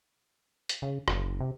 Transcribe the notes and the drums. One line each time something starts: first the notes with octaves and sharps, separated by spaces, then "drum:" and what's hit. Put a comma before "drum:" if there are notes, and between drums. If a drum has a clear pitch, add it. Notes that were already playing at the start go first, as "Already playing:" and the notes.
drum: hi-hat
C#3
F#1, drum: rim click
C3